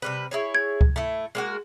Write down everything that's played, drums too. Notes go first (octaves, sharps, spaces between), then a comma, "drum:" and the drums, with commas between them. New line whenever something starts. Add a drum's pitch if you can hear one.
C3 G3 B4
E4 G#4 C#5
G#6
drum: kick C#2
A3 E4
G#3 A#3 F#4